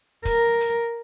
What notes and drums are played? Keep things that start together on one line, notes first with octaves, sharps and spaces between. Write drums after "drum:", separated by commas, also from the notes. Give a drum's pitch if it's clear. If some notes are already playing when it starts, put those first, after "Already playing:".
A#4, drum: kick, hi-hat
drum: hi-hat